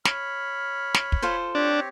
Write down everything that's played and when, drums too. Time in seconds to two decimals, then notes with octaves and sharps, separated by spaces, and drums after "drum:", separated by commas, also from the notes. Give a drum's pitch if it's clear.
0.05 C#5 B5 F6, drum: snare
0.94 drum: snare
1.12 drum: kick
1.22 F4 A4 C5
1.55 C4 D4 G4 C#5